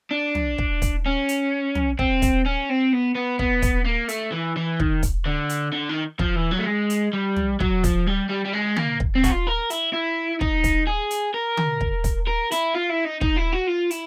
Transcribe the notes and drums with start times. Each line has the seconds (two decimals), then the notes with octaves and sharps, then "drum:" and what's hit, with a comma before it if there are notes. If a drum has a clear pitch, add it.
0.11 D4
0.35 drum: tom
0.58 drum: kick
0.82 drum: kick, hi-hat
1.06 C#4
1.29 drum: hi-hat
1.75 drum: tom
1.99 C4, drum: kick
2.22 drum: kick, hi-hat
2.46 C#4
2.69 C4
2.93 B3
3.15 B3
3.39 B3, drum: kick
3.62 drum: kick, hi-hat
3.85 A#3
4.09 A3, drum: hi-hat
4.32 E3
4.56 E3
4.80 D#3, drum: kick
5.03 drum: kick, hi-hat
5.26 D3
5.49 drum: hi-hat
5.72 D3
5.89 D#3
6.19 F3, drum: kick
6.36 E3
6.51 F#3
6.59 A3
6.66 G#3
6.90 drum: hi-hat
7.13 G3
7.36 drum: tom
7.60 F#3, drum: kick
7.84 F3, drum: kick, hi-hat
8.07 G3
8.29 G3
8.45 G3
8.53 G#3
8.76 A#3, drum: tom D3
9.00 drum: kick
9.15 C4
9.24 F#4, drum: kick, hi-hat
9.31 F4
9.47 A#4
9.70 E4, drum: hi-hat
9.93 E4
10.41 D#4, drum: kick
10.64 drum: kick, hi-hat
10.87 G#4
11.11 drum: hi-hat
11.34 A#4
11.57 drum: tom D3
11.81 drum: kick
12.04 drum: kick, hi-hat
12.27 A#4
12.51 E4, drum: hi-hat
12.74 F4
12.90 E4
13.05 D#4
13.21 D#4, drum: kick
13.37 E4
13.53 F#4
13.67 F4
13.90 E4, drum: hi-hat